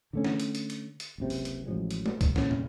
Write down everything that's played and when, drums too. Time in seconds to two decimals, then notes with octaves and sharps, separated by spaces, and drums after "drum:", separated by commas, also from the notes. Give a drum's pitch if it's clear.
0.13 D3 A3 C#4
0.24 drum: snare
0.40 drum: hi-hat
0.55 drum: hi-hat
0.70 drum: hi-hat
1.00 drum: hi-hat
1.18 F#1 C#2 C3
1.30 drum: open hi-hat
1.45 drum: hi-hat
1.67 A1 F3 F#3 G#3
1.91 drum: hi-hat
2.06 drum: tom G#3
2.21 drum: kick, hi-hat
2.36 C2 A#2 C#4, drum: snare
2.51 drum: tom